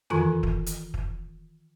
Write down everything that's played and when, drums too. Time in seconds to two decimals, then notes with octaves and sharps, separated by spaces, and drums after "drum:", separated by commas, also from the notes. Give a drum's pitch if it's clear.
0.10 D#3 E3 F4 A4 G#5, drum: tom E2
0.43 drum: kick
0.66 drum: hi-hat
0.94 drum: kick